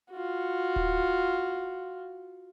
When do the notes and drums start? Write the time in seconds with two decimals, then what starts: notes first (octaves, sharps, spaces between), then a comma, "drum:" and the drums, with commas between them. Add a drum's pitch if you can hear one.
0.11 F4 F#4
0.76 drum: kick D1